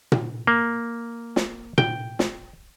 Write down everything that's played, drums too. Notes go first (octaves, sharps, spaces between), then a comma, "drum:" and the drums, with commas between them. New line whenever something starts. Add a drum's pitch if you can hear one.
drum: tom A#2
A#3
drum: snare
G5, drum: tom A#2
drum: snare